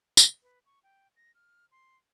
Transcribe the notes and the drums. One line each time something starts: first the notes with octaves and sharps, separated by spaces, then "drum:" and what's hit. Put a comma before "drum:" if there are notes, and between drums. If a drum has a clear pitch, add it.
drum: tambourine
B4
C#6
G5
A#6
F6
C6